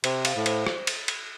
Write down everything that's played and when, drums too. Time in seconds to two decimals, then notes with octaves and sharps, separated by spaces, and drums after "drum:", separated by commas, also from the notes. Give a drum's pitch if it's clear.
0.04 C3 C5, drum: cymbal
0.25 F5, drum: cymbal
0.36 A2
0.46 C5, drum: cymbal
0.67 drum: rim click
0.87 drum: cymbal
1.08 drum: cymbal